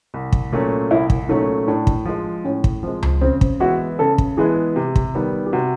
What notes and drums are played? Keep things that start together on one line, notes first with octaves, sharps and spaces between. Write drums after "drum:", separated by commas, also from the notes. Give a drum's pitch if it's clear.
C2
drum: kick
A#2 F#3 A3 C#4
C2 E4
drum: kick
A#2 F#3 A3 C#4 D#4
A2 D4
drum: kick
F3 G#3
A2 C#4
drum: kick
F3 G#3 C4
drum: tom C#2
C#3 C4
drum: kick
E3 G#3 B3 E4 F#4
C#3 A4
drum: kick
E3 G#3 B3 E4 G#4
C3 G4
drum: kick
D#3 G3 B3
G4
C3 F#4